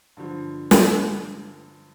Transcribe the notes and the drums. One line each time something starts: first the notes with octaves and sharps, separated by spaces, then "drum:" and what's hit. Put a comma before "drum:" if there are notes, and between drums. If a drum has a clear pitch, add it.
G2 D3 F3
drum: snare